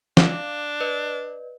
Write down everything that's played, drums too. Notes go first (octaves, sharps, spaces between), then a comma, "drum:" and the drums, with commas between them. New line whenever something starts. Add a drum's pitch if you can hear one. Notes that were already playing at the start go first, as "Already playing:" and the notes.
D4 F5 D6, drum: snare
B4 D5 D#5